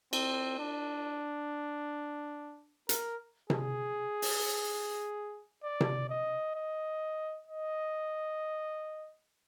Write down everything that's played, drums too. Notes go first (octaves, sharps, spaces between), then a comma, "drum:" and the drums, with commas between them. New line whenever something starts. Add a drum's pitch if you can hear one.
C4, drum: cymbal
D4
A#4, drum: hi-hat
G#4, drum: tom C3
drum: open hi-hat
D5
drum: tom C3
D#5
D#5
D#5